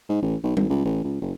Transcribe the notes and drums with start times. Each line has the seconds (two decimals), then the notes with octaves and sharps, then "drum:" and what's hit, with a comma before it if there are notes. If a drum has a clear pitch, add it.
0.09 G#2
0.22 A1
0.44 B1
0.57 G#1, drum: tom
0.70 C#2
0.85 A1
1.04 C#2
1.21 F#1